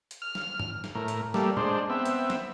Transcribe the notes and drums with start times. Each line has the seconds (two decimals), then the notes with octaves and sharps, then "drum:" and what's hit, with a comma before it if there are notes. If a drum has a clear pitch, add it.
0.11 drum: hi-hat
0.22 F6
0.35 drum: snare
0.60 drum: tom
0.84 drum: snare
0.95 A2 A#4
1.08 drum: hi-hat
1.34 G3 A3 A#3, drum: snare
1.57 G#3 D4 C5, drum: tom A#2
1.90 B3 C4 E5
2.05 drum: hi-hat
2.30 drum: snare